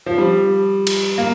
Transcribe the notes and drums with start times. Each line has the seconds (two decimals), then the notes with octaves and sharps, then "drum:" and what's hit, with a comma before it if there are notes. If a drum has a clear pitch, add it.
0.06 F3
0.18 G3
0.87 drum: cymbal
1.18 A#3